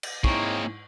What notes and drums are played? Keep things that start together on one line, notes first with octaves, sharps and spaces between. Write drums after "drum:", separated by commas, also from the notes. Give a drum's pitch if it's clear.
drum: cymbal
G#2 A#3 C4 D#4 E4 G#4 C#5 C#6, drum: kick